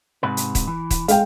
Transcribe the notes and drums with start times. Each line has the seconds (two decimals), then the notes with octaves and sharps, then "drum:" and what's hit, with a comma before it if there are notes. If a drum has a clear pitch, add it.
0.23 G#2 C3 B4
0.37 drum: hi-hat
0.55 drum: kick, hi-hat
0.67 E3
0.91 drum: kick, hi-hat
1.08 G#3 F5 G5, drum: hi-hat